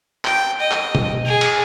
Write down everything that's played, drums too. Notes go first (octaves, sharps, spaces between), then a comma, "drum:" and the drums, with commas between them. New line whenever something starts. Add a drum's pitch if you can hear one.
G5, drum: clap
D#5
drum: clap
drum: tom B2
G#4
drum: cymbal